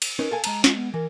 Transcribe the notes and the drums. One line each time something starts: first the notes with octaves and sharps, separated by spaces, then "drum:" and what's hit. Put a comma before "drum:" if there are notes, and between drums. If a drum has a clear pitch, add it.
drum: cymbal
C#4 D#4 A#4 B4
A4 F5 G#5
G#3 A5 A#5, drum: cymbal
F4, drum: snare
B3
E3 A#4